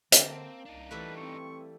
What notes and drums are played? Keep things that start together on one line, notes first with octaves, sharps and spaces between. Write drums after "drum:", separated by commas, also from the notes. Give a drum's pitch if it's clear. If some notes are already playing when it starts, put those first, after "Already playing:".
D3 A#3 C4 A5, drum: hi-hat
C2 D4 D#4
E3 G3 A3 B4
C4 C#6